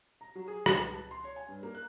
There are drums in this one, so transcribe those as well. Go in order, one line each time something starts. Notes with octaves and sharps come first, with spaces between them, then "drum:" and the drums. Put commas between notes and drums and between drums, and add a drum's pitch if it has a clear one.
A#5
F#3
G#4
G#3, drum: rim click
B4
A5
C6
C#5
G#5
G2
A#3
F#6